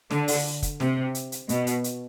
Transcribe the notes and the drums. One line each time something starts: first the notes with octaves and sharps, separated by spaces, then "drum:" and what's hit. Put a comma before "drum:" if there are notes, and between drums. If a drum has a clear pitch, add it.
D3, drum: snare
drum: open hi-hat
drum: kick, hi-hat
C3, drum: snare
drum: hi-hat
drum: hi-hat
B2, drum: hi-hat
drum: hi-hat
drum: hi-hat